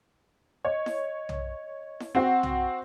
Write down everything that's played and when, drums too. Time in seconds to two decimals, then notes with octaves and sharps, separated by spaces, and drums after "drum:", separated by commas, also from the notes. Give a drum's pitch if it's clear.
0.65 C#5 D#5
0.86 drum: snare E4
1.29 drum: tom B1
2.00 drum: snare E4
2.15 C4 F#4 F#5
2.43 drum: tom B1